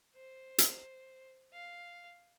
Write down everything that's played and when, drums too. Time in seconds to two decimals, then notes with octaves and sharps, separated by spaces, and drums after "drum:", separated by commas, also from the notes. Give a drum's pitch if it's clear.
0.15 C5
0.58 drum: hi-hat
1.53 F5